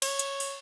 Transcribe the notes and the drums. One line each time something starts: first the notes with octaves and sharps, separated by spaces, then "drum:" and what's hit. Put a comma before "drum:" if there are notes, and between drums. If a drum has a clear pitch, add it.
C#5, drum: cymbal
drum: hi-hat
drum: open hi-hat